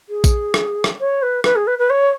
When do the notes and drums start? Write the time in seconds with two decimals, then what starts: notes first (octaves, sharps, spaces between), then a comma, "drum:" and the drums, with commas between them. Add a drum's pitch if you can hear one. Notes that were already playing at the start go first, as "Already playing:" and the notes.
0.09 G#4
0.24 drum: kick A#1, tambourine
0.54 drum: rim click
0.84 drum: rim click
0.99 C#5
1.22 B4
1.44 B4, drum: rim click
1.55 G#4
1.67 B4
1.78 B4
1.90 C#5